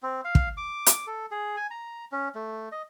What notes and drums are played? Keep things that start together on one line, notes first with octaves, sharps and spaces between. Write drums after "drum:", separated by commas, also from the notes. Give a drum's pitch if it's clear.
C4
F5
drum: kick
D6
drum: hi-hat
A4
G#4
G#5
A#5
C#4
A3
D#5